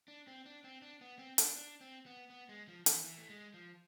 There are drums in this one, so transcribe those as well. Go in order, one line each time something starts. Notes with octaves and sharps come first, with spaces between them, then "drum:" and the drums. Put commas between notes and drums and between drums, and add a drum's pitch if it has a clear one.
D4
C4
D4
C4
D4
B3
C4
D4, drum: hi-hat
D4
C4
B3
B3
G#3
F3
E3, drum: hi-hat
E3
A3
G#3
F3